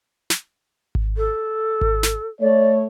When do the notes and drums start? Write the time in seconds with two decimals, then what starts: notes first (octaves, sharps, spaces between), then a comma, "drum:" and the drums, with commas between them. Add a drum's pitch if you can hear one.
0.30 drum: snare
0.95 drum: kick G#1
1.17 A4
1.81 drum: kick G#1
2.03 drum: snare
2.41 A3 C#5 D5